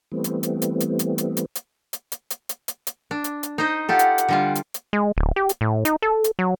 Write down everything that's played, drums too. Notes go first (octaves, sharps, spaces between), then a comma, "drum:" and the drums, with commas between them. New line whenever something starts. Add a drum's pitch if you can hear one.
E3 G3 A3 B3 C4
drum: hi-hat
drum: hi-hat
drum: hi-hat
drum: hi-hat
drum: hi-hat
drum: hi-hat
drum: hi-hat
drum: hi-hat
drum: hi-hat
drum: hi-hat
drum: hi-hat
drum: hi-hat
drum: hi-hat
drum: hi-hat
D4
drum: hi-hat
drum: hi-hat
D#4 C5 D#5
F4 G4 A4 F#5
drum: hi-hat
drum: hi-hat
D3 G3 F4
drum: hi-hat
drum: hi-hat
G#3
D1
G4
drum: hi-hat
A2
D#4, drum: hi-hat
A4
drum: hi-hat
F#3